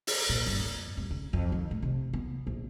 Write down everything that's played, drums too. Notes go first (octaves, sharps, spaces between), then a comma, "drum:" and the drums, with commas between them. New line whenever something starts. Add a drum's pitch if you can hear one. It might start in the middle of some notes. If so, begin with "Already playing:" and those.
drum: open hi-hat
A#2
G1
F2
D#1
C#3
F2
D#3
A2
C3
B3
A#1